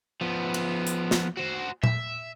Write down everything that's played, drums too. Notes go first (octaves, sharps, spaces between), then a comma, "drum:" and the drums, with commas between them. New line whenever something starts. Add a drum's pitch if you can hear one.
F3 B3
drum: cymbal
drum: hi-hat
drum: snare
F#4 C5
E5, drum: tom A#2